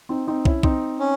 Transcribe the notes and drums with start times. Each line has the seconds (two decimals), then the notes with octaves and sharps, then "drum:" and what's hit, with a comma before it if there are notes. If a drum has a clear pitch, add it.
0.09 C4 D#4
0.27 C4 D#4
0.45 C#4 E4, drum: kick
0.63 C4 D#4, drum: kick
1.00 C#4